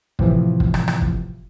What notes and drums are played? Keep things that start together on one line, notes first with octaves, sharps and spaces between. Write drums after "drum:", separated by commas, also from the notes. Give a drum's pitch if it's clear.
A2 C3 E3 F3, drum: kick
drum: kick
drum: rim click
drum: rim click
drum: kick